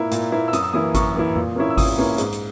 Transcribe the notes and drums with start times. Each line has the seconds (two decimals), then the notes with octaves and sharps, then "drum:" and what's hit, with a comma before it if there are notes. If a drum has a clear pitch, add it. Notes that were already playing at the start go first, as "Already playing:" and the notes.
Already playing: A#2 A#3 E4
0.11 A#2, drum: hi-hat
0.32 A#3 E4
0.48 E6
0.53 F#2 D#6, drum: hi-hat
0.63 E6
0.73 E3 A#3 E4 D#6
0.94 F#2 C#6, drum: kick G#1, hi-hat
1.15 E3 A#3 E4
1.36 A#2, drum: tom F2
1.56 A#3 C#4 E4
1.70 E6
1.77 A#2 D#6, drum: kick G#1, open hi-hat
1.99 A#3 C#4 E4
2.18 G#2, drum: hi-hat
2.32 drum: hi-hat